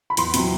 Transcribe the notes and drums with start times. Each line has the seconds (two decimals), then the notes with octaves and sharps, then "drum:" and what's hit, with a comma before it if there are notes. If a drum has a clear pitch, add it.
0.10 B5
0.17 E2 C6, drum: hi-hat
0.34 C3 F#3 C4, drum: hi-hat